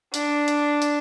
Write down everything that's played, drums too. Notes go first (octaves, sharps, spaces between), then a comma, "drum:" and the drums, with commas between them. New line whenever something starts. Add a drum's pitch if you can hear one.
D4, drum: hi-hat
drum: hi-hat
drum: hi-hat